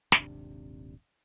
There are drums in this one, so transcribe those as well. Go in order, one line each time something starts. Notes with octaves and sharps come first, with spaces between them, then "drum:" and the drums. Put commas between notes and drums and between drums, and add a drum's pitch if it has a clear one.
D#1 G#1 C3 D4, drum: snare